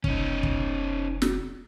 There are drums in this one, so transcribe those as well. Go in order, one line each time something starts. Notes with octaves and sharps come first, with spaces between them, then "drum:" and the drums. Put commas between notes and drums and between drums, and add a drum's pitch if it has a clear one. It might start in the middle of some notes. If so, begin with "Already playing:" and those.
F1 C#4 D#4, drum: kick
drum: kick
drum: snare